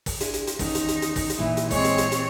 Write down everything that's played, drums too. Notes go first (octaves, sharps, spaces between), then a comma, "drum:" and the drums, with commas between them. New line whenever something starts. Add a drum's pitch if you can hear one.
drum: kick, open hi-hat
D4 E4 G#4, drum: hi-hat
drum: hi-hat
drum: hi-hat
E2 D#3 C#4 D#4, drum: kick, open hi-hat
drum: hi-hat
drum: hi-hat
drum: hi-hat
drum: kick, open hi-hat
drum: hi-hat
A#2 E3 E4
drum: hi-hat
G#3 C4 C#5, drum: kick, open hi-hat
drum: hi-hat
drum: hi-hat
drum: hi-hat